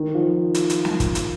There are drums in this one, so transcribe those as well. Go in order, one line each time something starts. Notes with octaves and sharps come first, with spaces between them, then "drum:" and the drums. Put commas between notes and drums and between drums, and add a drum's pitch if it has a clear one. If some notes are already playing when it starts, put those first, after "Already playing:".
Already playing: D#3
F3
drum: hi-hat
drum: hi-hat
drum: snare
drum: kick, hi-hat
drum: hi-hat